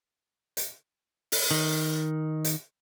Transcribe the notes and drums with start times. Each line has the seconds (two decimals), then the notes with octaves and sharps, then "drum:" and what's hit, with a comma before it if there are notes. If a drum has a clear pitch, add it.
0.57 drum: hi-hat
1.32 drum: open hi-hat
1.51 D#3
2.44 drum: hi-hat